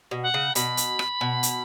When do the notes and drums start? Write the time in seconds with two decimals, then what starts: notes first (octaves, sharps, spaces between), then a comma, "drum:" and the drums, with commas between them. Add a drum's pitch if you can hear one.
0.11 B2
0.23 F#5
0.34 C#3
0.55 B2 B5, drum: hi-hat
0.77 drum: hi-hat
0.99 drum: rim click
1.21 B2
1.43 drum: hi-hat